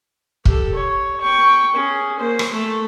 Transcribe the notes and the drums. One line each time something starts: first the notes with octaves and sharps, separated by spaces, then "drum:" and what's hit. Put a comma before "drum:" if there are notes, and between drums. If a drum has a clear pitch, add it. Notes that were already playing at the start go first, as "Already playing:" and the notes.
G4 A4, drum: kick
C#5
G5 C#6
C#4 G#4
A#3 C5
drum: rim click
A3 A4